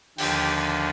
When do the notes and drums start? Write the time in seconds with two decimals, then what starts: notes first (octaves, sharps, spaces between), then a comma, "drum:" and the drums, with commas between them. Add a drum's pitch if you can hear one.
0.18 D#2 D3 F3 G4, drum: open hi-hat